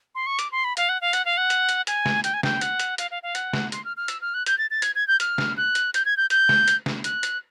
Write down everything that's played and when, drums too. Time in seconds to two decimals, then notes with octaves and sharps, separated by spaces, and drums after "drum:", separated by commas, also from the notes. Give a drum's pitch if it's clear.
0.15 C6
0.26 C#6
0.39 D6, drum: hi-hat
0.52 C6
0.64 B5
0.77 F5, drum: hi-hat
0.89 F#5
1.01 F5
1.13 F#5, drum: hi-hat
1.25 F5
1.37 F#5
1.50 drum: hi-hat
1.69 drum: hi-hat
1.87 G#5, drum: hi-hat
2.06 drum: snare
2.24 G5, drum: hi-hat
2.34 G#5
2.43 G5, drum: snare
2.61 F#5, drum: hi-hat
2.80 drum: hi-hat
2.98 F5, drum: hi-hat
3.11 F5
3.23 F5
3.35 F#5, drum: hi-hat
3.53 drum: snare
3.72 C6, drum: hi-hat
3.85 F6
3.97 F6
4.08 E6, drum: hi-hat
4.21 F6
4.34 F#6
4.46 G6, drum: hi-hat
4.58 A6
4.70 A6
4.82 G#6, drum: hi-hat
4.95 G#6
5.07 G6
5.20 F6, drum: hi-hat
5.38 drum: snare
5.57 F#6
5.75 drum: hi-hat
5.94 G6, drum: hi-hat
6.05 G#6
6.17 G6
6.30 G6, drum: hi-hat
6.49 drum: snare
6.68 drum: hi-hat
6.86 drum: snare
7.04 F#6, drum: hi-hat
7.23 drum: hi-hat